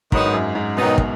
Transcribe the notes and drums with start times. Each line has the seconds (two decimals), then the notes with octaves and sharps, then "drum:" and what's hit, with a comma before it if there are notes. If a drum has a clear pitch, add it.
0.12 G#2 D#3 F#3 B3 D#4, drum: kick
0.26 G#2
0.33 F#2
0.55 G#2
0.76 B2 D#3 F#3 B3 D#4
0.98 drum: kick